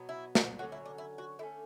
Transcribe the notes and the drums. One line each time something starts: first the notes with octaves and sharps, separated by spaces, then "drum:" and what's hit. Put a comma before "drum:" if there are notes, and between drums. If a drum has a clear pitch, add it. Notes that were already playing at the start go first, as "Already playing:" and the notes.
Already playing: B2 F#3 B3
E4
drum: snare
D3 F#3 C#4 F#4
E4
D4
E4
F#4
D3 A3 C#4 E4